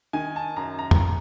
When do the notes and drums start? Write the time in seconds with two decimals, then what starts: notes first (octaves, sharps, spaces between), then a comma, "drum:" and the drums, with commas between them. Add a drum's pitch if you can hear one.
0.13 D#3 G#5
0.36 A5
0.56 F#2 A#5
0.79 A#5
0.91 drum: tom